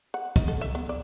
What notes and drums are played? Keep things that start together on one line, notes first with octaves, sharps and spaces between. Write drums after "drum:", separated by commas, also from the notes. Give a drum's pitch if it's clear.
F#5
D#4, drum: kick, hi-hat
A4
E5
B3
D5